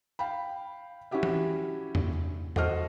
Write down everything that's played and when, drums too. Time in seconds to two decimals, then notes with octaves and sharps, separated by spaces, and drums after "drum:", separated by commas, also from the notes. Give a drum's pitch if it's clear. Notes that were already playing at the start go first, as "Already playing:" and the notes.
0.19 F5 G5 B5
1.11 C#4 E4 F#4 G4 E5
1.23 drum: tom E3
1.95 drum: tom E2
2.56 F#4 A4 C5 D#5 C#6 F6, drum: tom E2